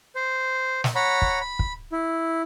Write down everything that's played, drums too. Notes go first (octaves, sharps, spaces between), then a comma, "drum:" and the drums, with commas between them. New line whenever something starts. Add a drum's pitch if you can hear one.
C5
drum: snare
C#5 F#5 A#5 B5
drum: kick
B5
drum: kick
E4